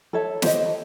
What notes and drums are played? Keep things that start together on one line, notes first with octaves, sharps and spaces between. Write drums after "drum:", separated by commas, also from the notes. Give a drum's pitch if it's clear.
A4 C#5 E5 A5
G4 C5 D#5, drum: snare